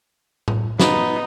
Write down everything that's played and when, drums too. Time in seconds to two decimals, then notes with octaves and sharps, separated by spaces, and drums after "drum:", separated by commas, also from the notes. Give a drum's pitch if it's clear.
0.48 drum: tom A2
0.80 B3 D#4, drum: snare